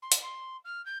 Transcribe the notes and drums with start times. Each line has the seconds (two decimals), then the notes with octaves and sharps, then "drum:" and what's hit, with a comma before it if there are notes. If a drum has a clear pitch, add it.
0.02 C6
0.12 drum: hi-hat
0.22 C6
0.64 F6
0.85 G6